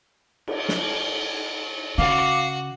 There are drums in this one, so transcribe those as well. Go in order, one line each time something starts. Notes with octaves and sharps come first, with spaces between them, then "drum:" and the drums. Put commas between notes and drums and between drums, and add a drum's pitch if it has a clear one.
drum: cymbal
drum: snare
C#3 F#4 F5 F#5 D6